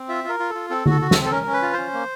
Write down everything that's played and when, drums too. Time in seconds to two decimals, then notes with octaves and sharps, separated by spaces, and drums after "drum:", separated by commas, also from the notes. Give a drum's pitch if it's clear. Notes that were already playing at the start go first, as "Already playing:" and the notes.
Already playing: C4
0.09 F4 E5
0.24 F4 A#4
0.40 F4
0.50 F4 A4
0.70 C4 A4
0.86 F#4 A4, drum: tom D3
1.01 F#4
1.11 A4, drum: snare
1.17 C4
1.25 A4
1.31 C#4 A#4
1.47 C#4
1.53 B4
1.62 F4
1.73 C#4 C5
1.93 A#3